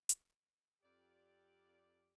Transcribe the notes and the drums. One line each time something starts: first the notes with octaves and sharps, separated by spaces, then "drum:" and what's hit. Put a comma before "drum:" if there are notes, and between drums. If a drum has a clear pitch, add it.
drum: hi-hat
F2 G4 D5